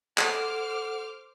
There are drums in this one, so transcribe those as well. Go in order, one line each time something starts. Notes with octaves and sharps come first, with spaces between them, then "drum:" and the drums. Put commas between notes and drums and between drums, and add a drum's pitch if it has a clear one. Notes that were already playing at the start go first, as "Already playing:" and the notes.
A4 C5 F#5 D6 F6, drum: clap